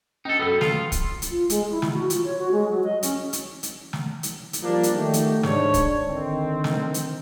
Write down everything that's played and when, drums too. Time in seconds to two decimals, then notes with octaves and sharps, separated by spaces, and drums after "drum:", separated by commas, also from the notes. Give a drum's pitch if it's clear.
0.25 C#4 D#4 A4
0.39 F#2 B3 A4 E6
0.61 F4 G#4, drum: snare
0.92 drum: kick, hi-hat
1.22 drum: hi-hat
1.31 F4
1.50 G#3, drum: hi-hat
1.71 E4
1.82 drum: snare
1.94 F#4
2.10 F4, drum: hi-hat
2.25 C#5
2.39 F#4
2.52 G#3
2.69 F#3
2.84 D#5
3.03 C#4, drum: hi-hat
3.33 drum: hi-hat
3.63 drum: hi-hat
3.93 drum: snare
4.23 drum: hi-hat
4.53 drum: hi-hat
4.63 F3 G3 A#3 D4
4.83 drum: hi-hat
4.94 D#3 A3 D#4 F#4 G4
5.13 drum: hi-hat
5.43 G#2 D4 C#5, drum: snare
5.74 drum: kick, hi-hat
6.08 D3 D#3 C4
6.64 drum: snare
6.94 drum: hi-hat